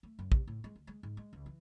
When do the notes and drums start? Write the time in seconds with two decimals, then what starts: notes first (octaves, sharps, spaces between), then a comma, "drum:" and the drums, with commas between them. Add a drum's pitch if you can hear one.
0.03 A3
0.19 F#2
0.32 C3, drum: kick
0.47 A2
0.64 G#3
0.76 D2
0.87 G#3
1.03 G#2
1.17 G#3
1.33 C#2
1.46 E3